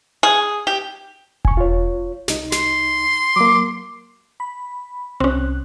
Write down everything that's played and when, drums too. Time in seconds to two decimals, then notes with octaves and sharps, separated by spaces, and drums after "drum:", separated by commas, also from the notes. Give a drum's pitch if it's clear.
0.23 G#4
0.67 G4
1.45 G#5 C#6, drum: kick E1
1.57 F4 C#5
2.28 C2 D#4, drum: snare
2.52 C6, drum: snare
3.36 F#3 A#3 D6
4.40 B5
5.20 C2 C4 C#4 F#6